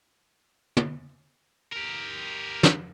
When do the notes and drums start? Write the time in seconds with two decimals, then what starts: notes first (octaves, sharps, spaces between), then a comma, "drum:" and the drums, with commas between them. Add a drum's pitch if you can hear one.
0.77 drum: tom
1.72 G4 A#4
2.63 drum: snare